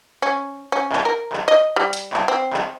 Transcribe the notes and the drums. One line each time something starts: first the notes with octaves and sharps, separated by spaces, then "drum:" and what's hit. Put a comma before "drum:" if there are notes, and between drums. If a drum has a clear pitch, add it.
C#4
C#4
drum: clap
A#4
drum: clap
D#5
G3
drum: hi-hat
drum: clap
C4
drum: clap